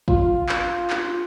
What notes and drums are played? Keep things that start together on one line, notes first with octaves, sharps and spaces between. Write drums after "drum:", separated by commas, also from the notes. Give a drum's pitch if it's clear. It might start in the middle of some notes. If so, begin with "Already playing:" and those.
F4, drum: kick
drum: clap
drum: clap